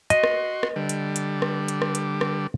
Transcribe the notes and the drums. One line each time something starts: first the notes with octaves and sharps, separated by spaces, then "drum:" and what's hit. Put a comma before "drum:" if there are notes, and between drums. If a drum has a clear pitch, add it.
F#4 D#5 C6, drum: hi-hat
drum: rim click
drum: rim click
D3 G3
drum: hi-hat
drum: hi-hat
drum: rim click
drum: hi-hat
drum: rim click
drum: hi-hat
drum: rim click